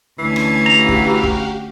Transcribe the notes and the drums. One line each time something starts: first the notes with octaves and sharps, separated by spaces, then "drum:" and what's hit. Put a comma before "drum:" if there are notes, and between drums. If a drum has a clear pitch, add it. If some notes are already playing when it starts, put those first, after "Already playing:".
D2 E3 C#4 A5 G#6
drum: rim click
F#4 G4 F5 A#5
drum: kick
drum: kick